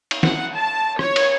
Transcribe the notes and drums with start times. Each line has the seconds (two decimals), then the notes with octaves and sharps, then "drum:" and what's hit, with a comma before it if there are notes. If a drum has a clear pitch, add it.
0.11 drum: cymbal
0.23 F#5, drum: snare
0.55 A5
0.99 C#5, drum: rim click
1.16 drum: cymbal